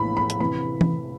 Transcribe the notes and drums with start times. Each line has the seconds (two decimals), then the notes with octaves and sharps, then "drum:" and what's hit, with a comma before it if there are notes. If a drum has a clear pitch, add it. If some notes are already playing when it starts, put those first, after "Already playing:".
Already playing: A#1 A2 E3 B5
0.17 B5
0.30 drum: hi-hat
0.40 C3 E3 B5
0.81 drum: tom E3